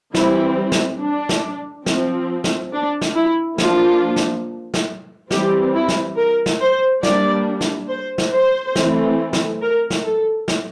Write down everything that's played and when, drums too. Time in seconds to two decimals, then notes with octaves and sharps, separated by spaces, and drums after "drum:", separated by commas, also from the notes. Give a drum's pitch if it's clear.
0.14 E3 G3 C4 E4, drum: snare
0.72 drum: snare
1.00 D4
1.29 drum: snare
1.86 F3 C4, drum: snare
2.44 drum: snare
2.73 D4
3.01 drum: snare
3.15 E4
3.58 F3 A#3 D4 F4, drum: snare
4.16 drum: snare
4.74 drum: snare
5.31 E3 G3 C4 G4, drum: snare
5.74 E4
5.89 drum: snare
6.17 A#4
6.46 drum: snare
6.61 C5
7.03 G3 A#3 D4 D5, drum: snare
7.61 drum: snare
7.89 C5
8.18 drum: snare
8.33 C5
8.76 E3 A3 C4, drum: snare
9.33 drum: snare
9.61 A#4
9.90 drum: snare
10.04 A4
10.48 drum: snare